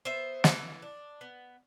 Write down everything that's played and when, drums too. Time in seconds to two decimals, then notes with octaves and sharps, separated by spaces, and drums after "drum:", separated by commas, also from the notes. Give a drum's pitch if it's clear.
0.05 B3 C5 E5
0.44 E3, drum: snare
0.82 D4
1.21 B3